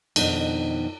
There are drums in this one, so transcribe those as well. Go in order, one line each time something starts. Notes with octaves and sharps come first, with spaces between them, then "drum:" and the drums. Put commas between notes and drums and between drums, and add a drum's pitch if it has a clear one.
F2 B2 D#3 D4 D#4, drum: cymbal